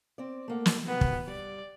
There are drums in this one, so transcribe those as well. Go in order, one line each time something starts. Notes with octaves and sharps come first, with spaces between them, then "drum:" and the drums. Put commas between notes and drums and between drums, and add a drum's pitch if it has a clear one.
C4 D5
A3 A#3 F#5
drum: snare
C3 D#3 B3 F#4
drum: kick
G3 D5